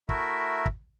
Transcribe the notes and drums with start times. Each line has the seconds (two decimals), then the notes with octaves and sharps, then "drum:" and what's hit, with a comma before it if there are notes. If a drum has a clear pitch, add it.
0.09 A3 E4 F#4 A#4 E5, drum: kick
0.66 drum: kick